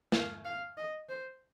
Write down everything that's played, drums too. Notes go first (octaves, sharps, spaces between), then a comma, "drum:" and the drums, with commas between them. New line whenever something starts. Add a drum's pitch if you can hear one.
F5, drum: snare
F5
D#5
C5